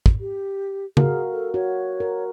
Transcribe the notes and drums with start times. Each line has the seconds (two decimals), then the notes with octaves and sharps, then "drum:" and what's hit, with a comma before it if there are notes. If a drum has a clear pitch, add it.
0.06 drum: kick
0.20 G4
0.97 F#4 G#4 A#4 F5, drum: tom
1.31 A4
1.54 F#4 C#5
2.00 A#4